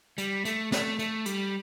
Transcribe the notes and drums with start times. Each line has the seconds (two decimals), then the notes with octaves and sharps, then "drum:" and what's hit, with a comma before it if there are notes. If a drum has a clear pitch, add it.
0.18 G3, drum: hi-hat
0.45 A3, drum: hi-hat
0.72 A3, drum: snare
0.99 A3, drum: hi-hat
1.26 G3, drum: hi-hat